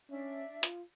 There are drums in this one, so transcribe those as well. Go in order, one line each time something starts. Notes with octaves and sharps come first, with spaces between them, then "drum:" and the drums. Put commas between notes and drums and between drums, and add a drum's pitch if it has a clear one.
C#4 D4 E5
F4, drum: hi-hat